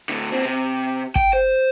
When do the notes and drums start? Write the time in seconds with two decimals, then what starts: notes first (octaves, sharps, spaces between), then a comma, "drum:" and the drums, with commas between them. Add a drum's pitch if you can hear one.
0.09 A2 D3
0.32 A#2 C4
0.45 C3
1.16 G5, drum: kick
1.33 C5